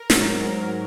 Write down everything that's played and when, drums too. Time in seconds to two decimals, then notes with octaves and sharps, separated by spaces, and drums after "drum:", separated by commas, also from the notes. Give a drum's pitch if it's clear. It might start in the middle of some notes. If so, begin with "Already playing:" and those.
Already playing: A#4
0.10 G#2 F#3, drum: snare
0.42 A#4